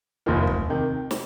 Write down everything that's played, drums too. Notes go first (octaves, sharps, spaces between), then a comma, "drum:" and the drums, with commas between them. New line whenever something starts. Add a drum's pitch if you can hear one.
F1 D#2 D#3 A#3 F4
drum: kick
C3 D#3
drum: snare